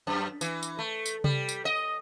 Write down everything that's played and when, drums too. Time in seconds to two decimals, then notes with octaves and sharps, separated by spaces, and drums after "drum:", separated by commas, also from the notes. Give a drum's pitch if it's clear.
0.07 F#2
0.41 E3, drum: tambourine
0.63 drum: tambourine
0.79 A3
1.06 drum: tambourine
1.24 G3, drum: tom C3
1.49 drum: tambourine
1.65 D#5